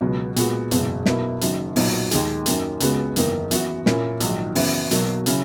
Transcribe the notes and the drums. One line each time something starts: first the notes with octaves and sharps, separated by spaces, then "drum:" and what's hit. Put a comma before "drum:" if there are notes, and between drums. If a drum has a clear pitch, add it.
C#2 B2 F#3 B3
A#2 G#3 B3 F#4, drum: hi-hat
F#1 E2 B2 G#3, drum: hi-hat
B1 B2 A#3 E4, drum: snare
F#1 F#2 D#3, drum: hi-hat
B1 A#2 F#3 B3 D#4, drum: open hi-hat
D#2 D#3 G#3, drum: hi-hat
F#2 D#3 A#3 C#4, drum: hi-hat
C#2 C#3 G#3 B3 F#4, drum: hi-hat
F#1 E2 D#3 A#3 D#4, drum: hi-hat
F#2 E3 B3 F#4, drum: hi-hat
A#2 A#3 C#4 E4, drum: snare
A#1 G#2 D#3 F#3, drum: hi-hat
F#2 C#3 E3 B3 F#4, drum: open hi-hat
B1 B2 F#3 A#3, drum: hi-hat
C#3 F#3 C#4 E4, drum: hi-hat